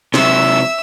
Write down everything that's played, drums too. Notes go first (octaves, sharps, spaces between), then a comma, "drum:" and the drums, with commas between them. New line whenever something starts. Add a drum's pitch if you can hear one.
C3 F#3 E5 E6, drum: snare